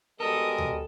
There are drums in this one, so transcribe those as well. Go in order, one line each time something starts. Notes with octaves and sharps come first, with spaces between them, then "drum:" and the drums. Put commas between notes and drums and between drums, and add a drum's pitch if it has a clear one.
B2 G3 G#3 A4 A#4 D#6
drum: tom D2